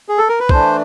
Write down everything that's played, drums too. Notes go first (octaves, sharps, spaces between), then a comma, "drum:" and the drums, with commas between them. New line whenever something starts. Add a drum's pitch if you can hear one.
G#4
A4
A#4
B4
E3 A3 D4 C5, drum: kick